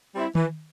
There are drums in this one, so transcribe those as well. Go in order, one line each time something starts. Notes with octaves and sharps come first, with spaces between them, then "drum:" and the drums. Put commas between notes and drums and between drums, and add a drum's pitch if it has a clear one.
G3 C4 E4
E3, drum: tom D#3